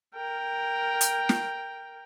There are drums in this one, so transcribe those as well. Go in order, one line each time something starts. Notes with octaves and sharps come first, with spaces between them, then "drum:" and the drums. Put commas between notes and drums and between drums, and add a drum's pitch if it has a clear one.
A#4 G5
drum: hi-hat
drum: snare